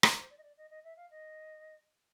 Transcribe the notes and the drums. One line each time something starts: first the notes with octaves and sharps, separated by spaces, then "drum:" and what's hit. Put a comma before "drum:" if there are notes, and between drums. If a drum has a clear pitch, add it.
C5, drum: rim click
C5
D5
D#5
D5
D#5
D#5
E5
F5
D#5